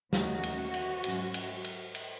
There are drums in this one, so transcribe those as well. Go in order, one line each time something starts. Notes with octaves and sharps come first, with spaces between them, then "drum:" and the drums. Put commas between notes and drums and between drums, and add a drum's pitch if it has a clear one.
D#2 D#3 A3 C#4 F#4, drum: snare
drum: cymbal
drum: cymbal
G#2 F#3 C#4, drum: cymbal
drum: cymbal
drum: cymbal
drum: cymbal